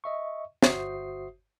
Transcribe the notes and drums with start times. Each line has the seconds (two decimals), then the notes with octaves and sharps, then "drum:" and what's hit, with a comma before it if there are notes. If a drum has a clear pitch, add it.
0.04 D#5 E5 C#6
0.62 G1 F#4 C5 E5 D#6 C7, drum: snare